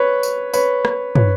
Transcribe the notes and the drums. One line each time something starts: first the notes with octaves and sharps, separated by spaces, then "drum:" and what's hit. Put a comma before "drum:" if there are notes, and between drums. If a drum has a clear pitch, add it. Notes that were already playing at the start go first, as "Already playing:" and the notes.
Already playing: B4 C#5
drum: tambourine
B4 C#5, drum: tambourine
drum: rim click
B4 C#5, drum: tom